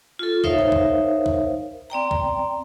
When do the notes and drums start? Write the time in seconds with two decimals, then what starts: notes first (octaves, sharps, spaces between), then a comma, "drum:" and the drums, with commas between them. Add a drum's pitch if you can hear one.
0.19 F4 A4
0.44 D#4 A#4 C5 C#5 E5 F5, drum: kick
0.58 drum: tom G#2
0.72 drum: kick
1.26 drum: kick
1.90 C4 D5 G5 A#5
2.11 drum: kick